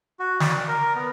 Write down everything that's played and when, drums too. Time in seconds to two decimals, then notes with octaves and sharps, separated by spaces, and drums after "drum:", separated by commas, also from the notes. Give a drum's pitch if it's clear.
0.20 F#4
0.40 D5, drum: snare
0.68 A#4
0.95 B3